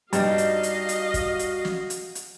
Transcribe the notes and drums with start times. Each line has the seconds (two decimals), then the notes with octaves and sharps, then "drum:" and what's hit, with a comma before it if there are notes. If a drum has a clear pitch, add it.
0.13 G2 G3 D#4 F#4 D#5 F5, drum: hi-hat
0.38 drum: hi-hat
0.63 drum: hi-hat
0.89 drum: hi-hat
1.14 drum: kick, hi-hat
1.39 drum: hi-hat
1.65 drum: snare
1.90 drum: hi-hat
2.15 drum: hi-hat